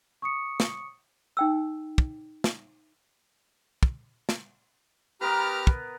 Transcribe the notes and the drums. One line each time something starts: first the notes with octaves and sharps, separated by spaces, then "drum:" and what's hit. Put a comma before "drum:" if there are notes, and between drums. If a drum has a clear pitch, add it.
C#6 D#6 C#7
drum: snare
D#4 G5 E6
drum: kick
drum: snare
drum: kick
drum: snare
B3 G4 A#4 B4 A#5 F6
drum: kick